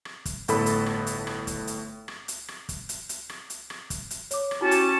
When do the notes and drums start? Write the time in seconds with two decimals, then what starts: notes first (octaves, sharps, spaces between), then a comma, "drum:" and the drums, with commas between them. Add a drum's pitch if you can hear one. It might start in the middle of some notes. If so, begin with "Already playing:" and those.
0.05 drum: rim click
0.25 drum: kick, hi-hat
0.48 G1 A2 A4 B5, drum: hi-hat
0.66 drum: hi-hat
0.86 drum: rim click
1.07 drum: hi-hat
1.27 drum: rim click
1.47 drum: kick, hi-hat
1.67 drum: hi-hat
2.08 drum: rim click
2.28 drum: hi-hat
2.48 drum: rim click
2.69 drum: kick, hi-hat
2.89 drum: hi-hat
3.09 drum: hi-hat
3.29 drum: rim click
3.50 drum: hi-hat
3.70 drum: rim click
3.90 drum: kick, hi-hat
4.10 drum: hi-hat
4.31 C#5 D6, drum: hi-hat
4.51 drum: rim click
4.61 C#4 E4 F#4 G4 A5
4.71 drum: hi-hat